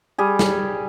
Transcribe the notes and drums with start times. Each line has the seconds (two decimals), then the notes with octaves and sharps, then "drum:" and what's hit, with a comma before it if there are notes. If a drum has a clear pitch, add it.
0.18 G3 G#4
0.39 drum: snare